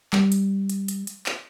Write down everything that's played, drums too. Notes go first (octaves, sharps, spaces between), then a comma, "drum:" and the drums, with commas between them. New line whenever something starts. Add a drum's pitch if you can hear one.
G3, drum: clap
drum: hi-hat
drum: hi-hat
drum: hi-hat
drum: hi-hat
drum: clap